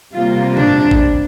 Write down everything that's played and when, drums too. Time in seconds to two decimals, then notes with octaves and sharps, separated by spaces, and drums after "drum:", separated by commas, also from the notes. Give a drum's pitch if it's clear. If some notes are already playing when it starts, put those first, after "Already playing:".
0.14 C3 G3 A#3 F4
0.57 D4, drum: tom
0.91 drum: kick